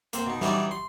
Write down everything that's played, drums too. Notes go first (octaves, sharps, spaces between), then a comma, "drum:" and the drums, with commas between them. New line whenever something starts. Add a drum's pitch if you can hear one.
A#3 C4 C5, drum: hi-hat
B2 D#4
E3 F#3 G3 C#4 D#4 D5, drum: snare
C6